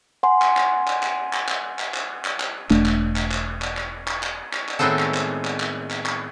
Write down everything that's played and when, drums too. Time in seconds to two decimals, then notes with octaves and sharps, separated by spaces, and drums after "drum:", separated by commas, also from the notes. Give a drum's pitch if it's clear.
0.23 F#5 G#5 C6
0.42 drum: clap
0.57 drum: clap
0.87 drum: clap
1.03 drum: clap
1.33 drum: clap
1.48 drum: clap
1.79 drum: clap
1.94 drum: clap
2.25 drum: clap
2.40 drum: clap
2.70 E1 A3 D4, drum: clap
2.86 drum: clap
3.16 drum: clap
3.31 drum: clap
3.62 drum: clap
3.77 drum: clap
4.08 drum: clap
4.23 drum: clap
4.53 drum: clap
4.69 drum: clap
4.79 A2 D#3 G#3 B3 C4 A4
4.99 drum: clap
5.14 drum: clap
5.45 drum: clap
5.60 drum: clap
5.90 drum: clap
6.06 drum: clap